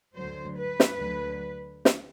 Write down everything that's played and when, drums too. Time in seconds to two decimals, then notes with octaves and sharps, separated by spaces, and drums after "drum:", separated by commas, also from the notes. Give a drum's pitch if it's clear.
0.16 D2 D3 F#3 C5
0.58 B4
0.80 drum: snare
1.01 D2 D3 F#3
1.85 drum: snare